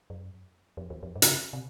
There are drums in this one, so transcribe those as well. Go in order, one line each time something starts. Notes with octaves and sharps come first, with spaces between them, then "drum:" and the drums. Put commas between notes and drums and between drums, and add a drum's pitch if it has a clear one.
F#2
F2
E2
F2
G2
C3, drum: hi-hat
C#3
C3